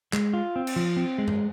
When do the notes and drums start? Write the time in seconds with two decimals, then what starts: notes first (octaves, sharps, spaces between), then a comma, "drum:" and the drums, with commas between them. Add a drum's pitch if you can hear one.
0.13 G#3, drum: clap
0.33 F4
0.56 C4
0.67 drum: cymbal
0.76 F3
0.97 C4
1.18 G#3
1.28 drum: tom G2